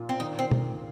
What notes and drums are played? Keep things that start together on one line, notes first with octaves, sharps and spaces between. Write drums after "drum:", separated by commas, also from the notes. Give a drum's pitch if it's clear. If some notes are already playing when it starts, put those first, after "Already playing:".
Already playing: A#2 F4
C4
D#3 D#4
C4
drum: tom